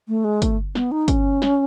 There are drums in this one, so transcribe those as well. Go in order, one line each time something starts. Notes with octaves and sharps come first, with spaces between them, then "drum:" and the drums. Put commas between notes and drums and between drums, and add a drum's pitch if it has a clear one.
A3
G#3
A3, drum: kick, hi-hat
B3, drum: snare
D#4
C#4, drum: kick, hi-hat
drum: snare